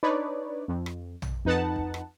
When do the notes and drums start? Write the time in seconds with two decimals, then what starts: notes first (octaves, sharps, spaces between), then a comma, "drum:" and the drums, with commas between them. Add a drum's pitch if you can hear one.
0.03 D4 D#4 B4 C#5 D5
0.68 F2
0.86 drum: rim click
1.22 drum: tom A#1
1.45 F2 D#4 B4 F#5 A5
1.76 drum: kick
1.94 drum: rim click